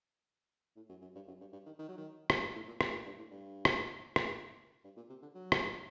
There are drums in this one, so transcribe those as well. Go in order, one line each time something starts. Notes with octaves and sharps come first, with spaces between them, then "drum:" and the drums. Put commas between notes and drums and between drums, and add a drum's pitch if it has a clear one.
A2
F#2
F#2
G2
F#2
G2
G2
D#3
D#3
F#3
D#3
F#3, drum: rim click
G2
A2
A#2
C3, drum: rim click
A#2
G2
A2
G2
drum: rim click
drum: rim click
G2
A#2
C3
D3
F#3
drum: rim click